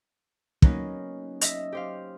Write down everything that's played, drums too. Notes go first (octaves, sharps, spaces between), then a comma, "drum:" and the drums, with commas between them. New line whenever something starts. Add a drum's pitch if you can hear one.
F#3 A#3 B3 C#4 D#4, drum: kick
D#5 E5, drum: hi-hat
G4 C5 F5